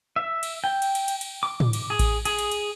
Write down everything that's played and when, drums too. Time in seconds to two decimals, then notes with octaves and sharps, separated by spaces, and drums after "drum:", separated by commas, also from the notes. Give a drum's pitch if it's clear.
0.16 E5
0.43 drum: cymbal
0.64 G5
0.82 drum: cymbal
0.95 drum: cymbal
1.08 drum: cymbal
1.21 drum: cymbal
1.43 D6
1.60 drum: tom
1.73 drum: cymbal
1.90 G#4
1.99 drum: kick A1, cymbal
2.25 G#4, drum: cymbal
2.38 drum: cymbal
2.52 drum: cymbal